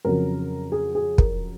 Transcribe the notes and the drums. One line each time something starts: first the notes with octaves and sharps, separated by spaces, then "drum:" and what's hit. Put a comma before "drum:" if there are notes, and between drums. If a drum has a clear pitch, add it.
F2 C#3 F#3 A#4
G#4
G#4
A#4, drum: kick